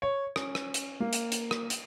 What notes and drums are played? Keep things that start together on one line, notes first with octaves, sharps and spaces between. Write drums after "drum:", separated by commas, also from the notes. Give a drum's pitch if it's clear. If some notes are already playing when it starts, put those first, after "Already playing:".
C#5
C#4, drum: rim click
drum: rim click
drum: hi-hat
A#3
drum: hi-hat
drum: hi-hat
drum: rim click
drum: hi-hat